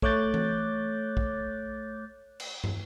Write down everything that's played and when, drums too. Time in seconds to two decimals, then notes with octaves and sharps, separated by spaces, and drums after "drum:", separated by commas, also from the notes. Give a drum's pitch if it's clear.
0.02 A3 C#5 D6 F#6 G6 A6, drum: kick
0.34 drum: tom E3
1.17 drum: kick
2.40 drum: cymbal
2.64 drum: tom